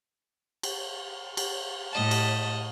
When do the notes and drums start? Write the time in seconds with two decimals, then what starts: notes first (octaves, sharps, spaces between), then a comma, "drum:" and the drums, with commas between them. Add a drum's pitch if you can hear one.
0.63 drum: cymbal
1.37 drum: cymbal
1.93 A2 D#5 A5
2.11 drum: cymbal